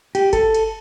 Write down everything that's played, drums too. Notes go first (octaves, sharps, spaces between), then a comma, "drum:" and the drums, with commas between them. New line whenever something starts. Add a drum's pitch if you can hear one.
G4, drum: cymbal
A4, drum: kick F#1, cymbal
drum: cymbal